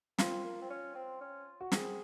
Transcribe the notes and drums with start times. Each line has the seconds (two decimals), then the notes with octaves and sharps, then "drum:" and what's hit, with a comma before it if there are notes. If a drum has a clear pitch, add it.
0.18 C4 F4, drum: snare
0.45 A#3
0.62 C4
0.70 C#4
0.95 C4
1.21 C#4
1.61 F#4
1.72 C4 G#4, drum: snare